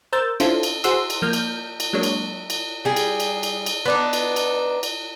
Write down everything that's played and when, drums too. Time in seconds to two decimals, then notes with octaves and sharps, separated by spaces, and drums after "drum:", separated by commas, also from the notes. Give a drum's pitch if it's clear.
0.13 A#4 C5 E6 G6 A6
0.40 C#4 D4 E4 F4 A4 C5, drum: cymbal
0.63 drum: cymbal
0.84 F#4 G#4 C5 F#5 C6 E6, drum: cymbal
1.10 drum: cymbal
1.22 F3 A#3 F6 G6
1.33 drum: cymbal
1.80 drum: cymbal
1.93 F#3 G#3 A#3 D4 C#5
2.03 drum: cymbal
2.50 drum: cymbal
2.85 G3 G#4
2.96 drum: cymbal
3.20 drum: cymbal
3.43 drum: cymbal
3.66 drum: cymbal
3.86 B3 D4 D#4
4.13 drum: cymbal
4.36 drum: cymbal
4.83 drum: cymbal